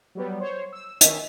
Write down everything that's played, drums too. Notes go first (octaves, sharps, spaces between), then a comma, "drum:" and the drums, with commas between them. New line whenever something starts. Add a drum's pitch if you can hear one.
F#3 G3 B3
C5 C#5
E6
D#3 C#4 D#5 E5, drum: hi-hat